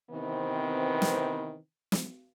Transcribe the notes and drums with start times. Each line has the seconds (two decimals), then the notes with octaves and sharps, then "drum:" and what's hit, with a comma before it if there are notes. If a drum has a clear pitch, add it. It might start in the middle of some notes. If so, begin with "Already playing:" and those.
0.10 C3 D#3 E3 B3 C4
1.02 drum: snare
1.92 drum: snare